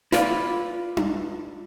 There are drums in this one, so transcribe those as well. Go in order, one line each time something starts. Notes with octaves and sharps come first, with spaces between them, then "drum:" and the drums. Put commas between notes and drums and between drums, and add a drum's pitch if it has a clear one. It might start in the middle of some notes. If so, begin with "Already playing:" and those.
E4 F4 B4 D5, drum: snare
drum: tom D4